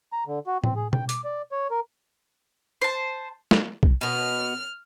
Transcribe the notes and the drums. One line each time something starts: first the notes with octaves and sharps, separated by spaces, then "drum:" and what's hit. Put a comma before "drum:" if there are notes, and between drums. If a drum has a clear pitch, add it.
A#5
D3
F#4
C4, drum: tom A2
G#4
G5, drum: tom B2
D6, drum: hi-hat
D5
C#5
A#4
C5 A5
drum: snare
drum: kick B1
B2 B3 F6